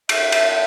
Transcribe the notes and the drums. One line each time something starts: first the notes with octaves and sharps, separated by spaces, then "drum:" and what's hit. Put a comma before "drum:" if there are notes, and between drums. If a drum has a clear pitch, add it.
E5, drum: cymbal
drum: cymbal